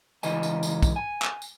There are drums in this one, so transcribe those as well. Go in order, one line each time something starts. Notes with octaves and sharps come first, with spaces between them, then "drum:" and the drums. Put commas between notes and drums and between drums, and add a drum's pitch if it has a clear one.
C#2 E3 D#5 G#5, drum: tambourine
drum: tambourine
drum: tambourine
drum: kick, tambourine
G#5
drum: clap
drum: tambourine